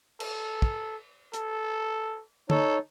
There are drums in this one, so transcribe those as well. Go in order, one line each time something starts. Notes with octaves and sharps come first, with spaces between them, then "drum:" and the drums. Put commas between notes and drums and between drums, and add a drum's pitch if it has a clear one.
A4, drum: cymbal
drum: kick
A4, drum: hi-hat
D#4 A4 C#5, drum: tom